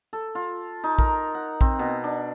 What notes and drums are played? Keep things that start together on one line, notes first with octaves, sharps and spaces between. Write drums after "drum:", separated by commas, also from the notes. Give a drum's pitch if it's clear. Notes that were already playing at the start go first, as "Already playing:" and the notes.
A4
F4
D#4
A#4, drum: kick A#1
F#5
C4, drum: kick A#1
B2
D4